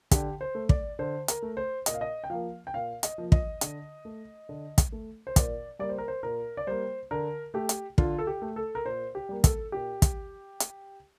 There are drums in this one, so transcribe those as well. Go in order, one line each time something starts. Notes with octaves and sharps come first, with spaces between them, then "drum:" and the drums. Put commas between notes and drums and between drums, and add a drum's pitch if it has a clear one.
D3 G4, drum: kick, hi-hat
C5
A3
D5, drum: kick
D3 C5
A#4, drum: hi-hat
A3
C5
A#2 D#5, drum: hi-hat
F5
D#5
G5
F3 A#3 F5
G5
A#2 F5
D#5, drum: hi-hat
F3 A#3
D#5, drum: kick
D3, drum: hi-hat
A3
D3
drum: kick, hi-hat
A3
C5
A#2 D5, drum: kick, hi-hat
G3 A#3 D5
C5
A#4
C5
A#2 A#4
D5
G3 A#3 C5
D3 A#4
A3 G4
drum: hi-hat
D3 F4, drum: kick
A4
G4
A3
A4
A#4
A#2 C5
G4
G3 A#3
A4, drum: kick, hi-hat
A#2 G4
drum: kick, hi-hat
drum: hi-hat